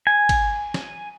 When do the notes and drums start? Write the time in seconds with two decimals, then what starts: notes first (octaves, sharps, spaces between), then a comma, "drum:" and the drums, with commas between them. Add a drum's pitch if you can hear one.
0.07 G#5
0.29 drum: kick, cymbal
0.74 drum: snare